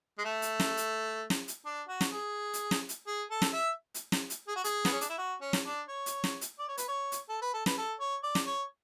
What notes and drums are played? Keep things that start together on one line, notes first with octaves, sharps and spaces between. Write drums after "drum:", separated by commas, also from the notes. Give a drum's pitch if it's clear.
G#3
A3
drum: hi-hat
drum: snare
drum: hi-hat
drum: snare
drum: hi-hat
D4
F#4
drum: snare
G#4
drum: hi-hat
drum: snare
drum: hi-hat
G#4
A4
drum: snare
E5
drum: hi-hat
drum: snare
drum: hi-hat
G#4
F#4
G#4, drum: hi-hat
B3, drum: snare
C#4
D4, drum: hi-hat
E4
F#4
C#4
drum: snare
D4
C#5
drum: hi-hat
drum: snare
drum: hi-hat
D5
C#5
B4, drum: hi-hat
C#5
drum: hi-hat
A4
B4
A4
B4, drum: snare
A4
C#5
D5
drum: snare
C#5